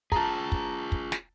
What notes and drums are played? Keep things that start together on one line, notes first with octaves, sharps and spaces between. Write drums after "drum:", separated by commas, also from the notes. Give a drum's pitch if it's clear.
F4 G#4 A5 A#5, drum: kick
drum: kick
drum: kick
drum: snare